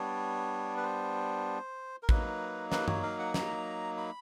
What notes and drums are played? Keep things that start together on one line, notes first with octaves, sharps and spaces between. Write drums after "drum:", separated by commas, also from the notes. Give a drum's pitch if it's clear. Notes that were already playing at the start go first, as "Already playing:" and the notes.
Already playing: G3 B3 D4 C#5
B4
C5
A#4
F#3 A#3 D#4 B4, drum: kick
B4, drum: snare
C#5, drum: tom G2
F5
F#5
A#5, drum: snare
B5